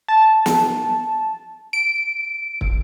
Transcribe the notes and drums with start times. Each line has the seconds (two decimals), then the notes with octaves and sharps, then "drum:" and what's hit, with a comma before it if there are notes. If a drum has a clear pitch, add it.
0.08 A5
0.46 drum: snare
1.73 D7
2.61 drum: kick